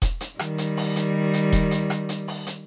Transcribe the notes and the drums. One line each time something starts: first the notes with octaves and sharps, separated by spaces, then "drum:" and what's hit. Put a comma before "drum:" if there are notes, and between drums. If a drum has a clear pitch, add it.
drum: kick E1, hi-hat
drum: hi-hat
D#3 G3, drum: rim click
drum: hi-hat
drum: open hi-hat
drum: hi-hat
drum: hi-hat
drum: kick E1, hi-hat
drum: hi-hat
drum: rim click
drum: hi-hat
drum: open hi-hat
drum: hi-hat